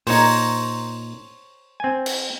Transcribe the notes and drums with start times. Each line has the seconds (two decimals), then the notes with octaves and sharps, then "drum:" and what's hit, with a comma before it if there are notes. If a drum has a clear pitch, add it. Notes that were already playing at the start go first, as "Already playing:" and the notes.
0.07 A#2 D#4 C5 C#5 A#5, drum: open hi-hat
1.80 C4 G#5
2.06 drum: cymbal